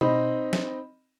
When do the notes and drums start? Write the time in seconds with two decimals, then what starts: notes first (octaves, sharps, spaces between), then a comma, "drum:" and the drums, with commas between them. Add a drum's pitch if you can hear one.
0.01 C4 D#4 D#5 B5, drum: tom B2
0.53 drum: snare